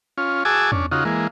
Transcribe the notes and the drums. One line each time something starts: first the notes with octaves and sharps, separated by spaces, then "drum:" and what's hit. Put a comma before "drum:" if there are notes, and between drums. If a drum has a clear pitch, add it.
C#4 F4
F#4 G#4 G#5 A5 D6 E6
C#4 D4, drum: tom E2
C#3 D#4 F4 F#4
E3 G#3 A#3